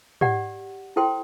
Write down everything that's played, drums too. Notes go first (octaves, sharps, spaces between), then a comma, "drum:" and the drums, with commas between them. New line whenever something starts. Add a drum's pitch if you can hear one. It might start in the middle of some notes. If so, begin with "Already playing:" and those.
G4 D5 F#5, drum: tom
E4 A4 C5 G5 C6